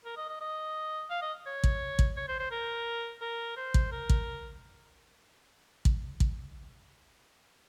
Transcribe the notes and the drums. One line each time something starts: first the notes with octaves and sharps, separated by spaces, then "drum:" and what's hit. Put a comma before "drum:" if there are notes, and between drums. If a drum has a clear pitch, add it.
A#4
D#5
D#5
D#5
F5
D#5
C#5
drum: kick
drum: kick
C#5
C5
C5
A#4
A#4
C5
drum: kick
A#4
drum: kick
drum: kick
drum: kick